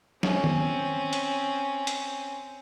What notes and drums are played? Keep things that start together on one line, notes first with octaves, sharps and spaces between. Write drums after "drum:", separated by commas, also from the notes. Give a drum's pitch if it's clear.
C4 C#4, drum: snare
drum: tom D#3
drum: hi-hat
drum: hi-hat